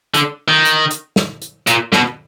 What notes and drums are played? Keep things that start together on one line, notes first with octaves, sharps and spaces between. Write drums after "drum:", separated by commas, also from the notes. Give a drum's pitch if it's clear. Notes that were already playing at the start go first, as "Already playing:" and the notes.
D3, drum: hi-hat
D#3
drum: hi-hat
drum: hi-hat
drum: snare
drum: hi-hat
A#2, drum: hi-hat
B2, drum: snare